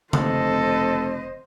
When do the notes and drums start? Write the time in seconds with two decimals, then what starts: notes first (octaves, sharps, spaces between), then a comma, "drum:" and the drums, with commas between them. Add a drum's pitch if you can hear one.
0.13 F1 A4 C5 D#5, drum: tom C#3